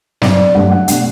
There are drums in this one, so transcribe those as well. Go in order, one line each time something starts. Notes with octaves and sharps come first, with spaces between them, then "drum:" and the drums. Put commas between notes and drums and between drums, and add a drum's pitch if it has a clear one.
G2 F#3 C4 D5, drum: snare
G2 F#3 A3 D4 F#5
F#5
B2 A3 D4 F#5, drum: hi-hat